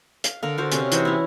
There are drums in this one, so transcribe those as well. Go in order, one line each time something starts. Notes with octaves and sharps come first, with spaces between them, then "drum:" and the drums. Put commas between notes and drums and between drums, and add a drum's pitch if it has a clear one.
F5, drum: hi-hat
D3 A#4 F5
F#4 C5 F5
C3 C#4, drum: hi-hat
E3 D#4 F#4 C5, drum: hi-hat
C#4 E4